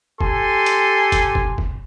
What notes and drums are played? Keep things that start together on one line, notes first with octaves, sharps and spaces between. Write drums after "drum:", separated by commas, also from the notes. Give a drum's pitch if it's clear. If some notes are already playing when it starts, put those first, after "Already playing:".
G4 A4 G#5 C6, drum: kick
drum: hi-hat
drum: kick, hi-hat
drum: kick
drum: kick